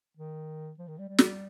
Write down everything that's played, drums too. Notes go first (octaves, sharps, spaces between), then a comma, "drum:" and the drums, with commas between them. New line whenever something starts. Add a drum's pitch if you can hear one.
D#3
F3
D#3
G3
G3
drum: snare